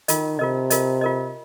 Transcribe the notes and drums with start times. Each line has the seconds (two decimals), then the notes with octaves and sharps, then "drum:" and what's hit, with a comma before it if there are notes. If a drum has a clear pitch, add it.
0.08 D#3 F4 A#4 D#5, drum: hi-hat
0.39 C3 F4 A#4 D#5
0.70 F4 A#4 D#5, drum: hi-hat
1.01 F4 A#4 D#5